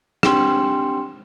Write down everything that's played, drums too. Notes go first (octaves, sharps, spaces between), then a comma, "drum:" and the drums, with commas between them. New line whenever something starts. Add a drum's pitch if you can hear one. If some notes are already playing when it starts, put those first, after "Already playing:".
C4 D4 G4 G5 C6, drum: rim click